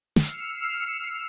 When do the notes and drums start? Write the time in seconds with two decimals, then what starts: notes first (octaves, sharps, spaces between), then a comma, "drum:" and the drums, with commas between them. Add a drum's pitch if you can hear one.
0.16 E6 F6 C7 C#7, drum: snare